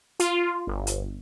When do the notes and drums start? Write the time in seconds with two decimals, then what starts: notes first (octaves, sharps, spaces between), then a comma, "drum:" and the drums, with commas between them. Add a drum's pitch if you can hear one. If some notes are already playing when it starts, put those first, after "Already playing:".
0.20 F4, drum: hi-hat
0.67 G1
0.87 drum: hi-hat